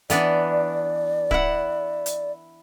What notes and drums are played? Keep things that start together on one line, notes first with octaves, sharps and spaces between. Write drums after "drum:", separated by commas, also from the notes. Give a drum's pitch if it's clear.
E3 B3 D4 D5, drum: hi-hat
E4 F#5, drum: kick D1
drum: hi-hat